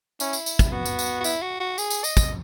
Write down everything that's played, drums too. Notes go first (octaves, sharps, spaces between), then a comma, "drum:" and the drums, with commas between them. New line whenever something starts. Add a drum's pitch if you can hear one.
C#4 E4, drum: tambourine
drum: tambourine
drum: tambourine
drum: kick, tambourine
B3 F#4
drum: tambourine
drum: tambourine
F#4
E4, drum: tambourine
F#4
F#4
G#4, drum: tambourine
drum: tambourine
D#5, drum: tambourine
drum: kick, tambourine